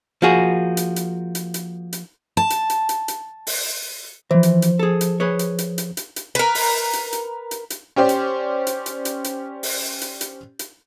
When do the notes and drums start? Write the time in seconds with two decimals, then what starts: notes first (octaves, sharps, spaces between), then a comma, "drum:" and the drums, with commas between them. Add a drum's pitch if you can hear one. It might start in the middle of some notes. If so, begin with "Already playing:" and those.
0.22 F3 A#3 F#4 G#4
0.77 drum: hi-hat
0.96 drum: hi-hat
1.35 drum: hi-hat
1.54 drum: hi-hat
1.93 drum: hi-hat
2.37 A5
2.50 drum: hi-hat
2.70 drum: hi-hat
2.89 drum: hi-hat
3.08 drum: hi-hat
3.47 drum: open hi-hat
4.31 E3 F3 C5
4.43 drum: hi-hat
4.62 drum: hi-hat
4.79 G#4 A4
5.01 drum: hi-hat
5.20 G#4 B4 C#5
5.39 drum: hi-hat
5.58 drum: hi-hat
5.78 drum: hi-hat
5.97 drum: hi-hat
6.16 drum: hi-hat
6.35 A#4 B4
6.55 drum: open hi-hat
6.93 drum: hi-hat
7.13 drum: hi-hat
7.51 drum: hi-hat
7.70 drum: hi-hat
7.96 C#4 G4 C5 D5
8.09 drum: hi-hat
8.67 drum: hi-hat
8.86 drum: hi-hat
9.05 drum: hi-hat
9.24 drum: hi-hat
9.63 drum: open hi-hat
10.01 drum: hi-hat
10.21 drum: hi-hat
10.59 drum: hi-hat